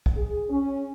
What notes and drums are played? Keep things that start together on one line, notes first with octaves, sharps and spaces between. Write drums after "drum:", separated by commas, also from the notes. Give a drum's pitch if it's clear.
drum: kick
G#4
C#4